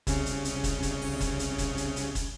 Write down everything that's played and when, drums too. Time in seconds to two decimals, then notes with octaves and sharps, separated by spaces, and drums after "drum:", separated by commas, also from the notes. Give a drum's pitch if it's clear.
0.07 C2 C#3 C#4, drum: kick, hi-hat
0.26 drum: hi-hat
0.45 drum: hi-hat
0.64 drum: kick, hi-hat
0.83 drum: kick, hi-hat
1.01 drum: open hi-hat
1.20 drum: kick, hi-hat
1.39 drum: hi-hat
1.58 drum: kick, hi-hat
1.77 drum: hi-hat
1.96 drum: hi-hat
2.15 drum: kick, hi-hat